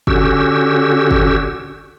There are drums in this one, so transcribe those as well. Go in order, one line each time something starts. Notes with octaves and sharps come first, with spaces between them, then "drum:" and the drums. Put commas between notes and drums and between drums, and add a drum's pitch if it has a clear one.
D3 C#4 F#4 G4 E6, drum: kick
drum: kick